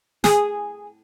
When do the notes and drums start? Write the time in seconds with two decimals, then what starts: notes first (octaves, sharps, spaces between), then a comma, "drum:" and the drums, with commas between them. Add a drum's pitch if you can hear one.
0.24 G#4, drum: snare